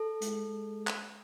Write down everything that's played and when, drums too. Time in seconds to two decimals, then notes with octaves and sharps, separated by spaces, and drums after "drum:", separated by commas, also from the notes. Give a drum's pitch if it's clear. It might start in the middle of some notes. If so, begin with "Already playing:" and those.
Already playing: A4
0.22 G#3, drum: hi-hat
0.87 drum: clap